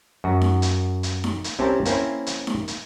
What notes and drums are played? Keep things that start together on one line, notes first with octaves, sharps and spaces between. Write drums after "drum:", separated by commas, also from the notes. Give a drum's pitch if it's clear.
F#2 F#4
drum: snare D#4
drum: hi-hat
drum: hi-hat
drum: snare D#4
drum: hi-hat
C2 C3 C4 C#4 A#4 A5
A#3 C4 C#4 E4 C5, drum: hi-hat
drum: hi-hat
drum: snare D#4
drum: hi-hat